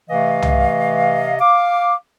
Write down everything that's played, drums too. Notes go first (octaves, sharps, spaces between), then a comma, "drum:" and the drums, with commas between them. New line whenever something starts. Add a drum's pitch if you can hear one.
C3 E3 A3 D#5 F5
drum: tom
F5 D6